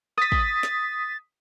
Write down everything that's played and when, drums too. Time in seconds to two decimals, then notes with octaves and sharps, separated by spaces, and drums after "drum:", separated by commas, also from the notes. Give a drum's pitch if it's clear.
0.18 D#6 A6 B6, drum: rim click
0.32 drum: kick
0.63 drum: snare